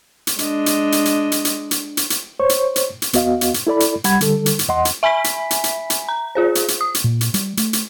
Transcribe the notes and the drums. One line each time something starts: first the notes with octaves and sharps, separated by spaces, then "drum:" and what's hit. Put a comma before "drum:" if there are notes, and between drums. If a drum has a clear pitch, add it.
drum: hi-hat
G#3 D4 D#5, drum: hi-hat
drum: hi-hat
drum: hi-hat
drum: hi-hat
drum: hi-hat
drum: hi-hat
drum: hi-hat
drum: hi-hat
drum: hi-hat
C5 C#5 C#6
drum: hi-hat
drum: hi-hat
drum: hi-hat
D#2 B3 F#4 D#5 F5, drum: hi-hat
drum: hi-hat
drum: hi-hat
E4 A4 D5 B5
drum: hi-hat
C2 G3 F#5 B5 G#6, drum: hi-hat
D3 G3 A4, drum: hi-hat
drum: hi-hat
drum: hi-hat
E2 D#5 F#5 C6
drum: hi-hat
E5 G#5 B5 B6
drum: hi-hat
drum: hi-hat
drum: hi-hat
drum: hi-hat
A#5
F4 G#4 C5
drum: hi-hat
drum: hi-hat
D#6
drum: hi-hat
A#2
drum: hi-hat
G3, drum: hi-hat
A3, drum: hi-hat
drum: hi-hat